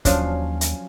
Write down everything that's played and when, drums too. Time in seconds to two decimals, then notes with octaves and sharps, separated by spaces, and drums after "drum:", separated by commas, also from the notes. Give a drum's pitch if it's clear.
0.05 D#2 F3 F#3 C#4 D4 C#5 F5, drum: kick, hi-hat
0.61 drum: hi-hat